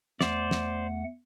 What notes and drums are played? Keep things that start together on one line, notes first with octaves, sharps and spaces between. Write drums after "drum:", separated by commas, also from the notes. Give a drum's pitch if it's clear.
E2 A3 C5 D5 F#5, drum: snare
drum: snare